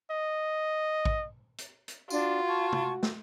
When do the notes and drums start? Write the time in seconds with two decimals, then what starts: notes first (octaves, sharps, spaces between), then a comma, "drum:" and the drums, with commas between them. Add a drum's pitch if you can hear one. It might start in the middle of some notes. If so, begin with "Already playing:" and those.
0.10 D#5
1.05 drum: kick A1
1.58 drum: hi-hat
1.88 drum: hi-hat
2.10 D4 F4 F#4, drum: tambourine
2.46 A5 C#6 G#6
2.72 drum: tom
3.03 drum: snare